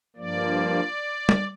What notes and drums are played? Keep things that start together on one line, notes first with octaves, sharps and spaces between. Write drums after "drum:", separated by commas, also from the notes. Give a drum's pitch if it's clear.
G2 F3 A#3 D5
drum: tom